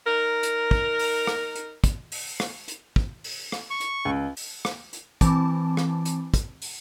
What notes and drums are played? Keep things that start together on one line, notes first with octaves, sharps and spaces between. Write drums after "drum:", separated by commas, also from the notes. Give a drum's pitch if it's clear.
D#4 A#4
drum: hi-hat
drum: kick
drum: open hi-hat
drum: rim click
drum: hi-hat
drum: kick, hi-hat
drum: open hi-hat
drum: rim click
drum: hi-hat
drum: kick
drum: open hi-hat
drum: rim click
C#6
drum: hi-hat
C#2
drum: open hi-hat
drum: rim click
drum: hi-hat
E3 C4 A5 D6, drum: kick, hi-hat
drum: rim click
drum: hi-hat
drum: kick, hi-hat
drum: open hi-hat